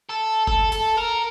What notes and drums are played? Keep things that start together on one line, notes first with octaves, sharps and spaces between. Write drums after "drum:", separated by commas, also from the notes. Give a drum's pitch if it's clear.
A4
A4, drum: kick F1
A4, drum: hi-hat
A#4